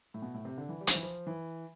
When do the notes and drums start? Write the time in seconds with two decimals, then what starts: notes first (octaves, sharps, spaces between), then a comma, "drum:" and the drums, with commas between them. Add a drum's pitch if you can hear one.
0.14 A2
0.22 B2
0.34 A2
0.45 C3
0.57 D3
0.69 E3
0.81 G3
0.87 F3, drum: hi-hat
0.95 E3
1.03 F3
1.27 E3